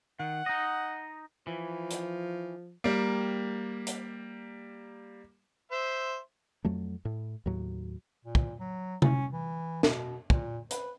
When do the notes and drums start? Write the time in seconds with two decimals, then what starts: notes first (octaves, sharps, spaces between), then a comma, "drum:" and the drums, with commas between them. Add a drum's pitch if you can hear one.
0.20 D#3 F#5
0.46 D#4 D#5
1.47 E3 F3
1.91 drum: hi-hat
2.84 G3 A#3
3.87 drum: hi-hat
5.71 C5 E5
6.65 F2 F#3 A3
7.05 A2
7.46 D#2 A2 F#3
8.25 A#2
8.35 drum: kick
8.60 F#3
9.02 C#4, drum: tom C3
9.33 E3
9.83 B2, drum: snare
10.30 A#2, drum: kick
10.71 B4, drum: hi-hat